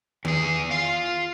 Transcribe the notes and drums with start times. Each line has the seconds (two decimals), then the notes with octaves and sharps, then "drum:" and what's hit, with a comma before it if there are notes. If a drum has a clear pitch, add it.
0.25 E2 G#4, drum: tom D#3
0.71 F4 F5